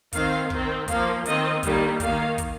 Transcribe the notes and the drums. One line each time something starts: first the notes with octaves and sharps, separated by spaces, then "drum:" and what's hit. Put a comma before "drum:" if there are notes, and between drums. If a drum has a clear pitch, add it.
D#3 C4 F5, drum: kick, hi-hat
D#3 C4, drum: kick
F3 A#3 F5, drum: kick, hi-hat
D#3 C4 D#5, drum: hi-hat
D#3 G3 A#3, drum: kick, hi-hat
D#3 A#3 F5, drum: kick, hi-hat
drum: kick, hi-hat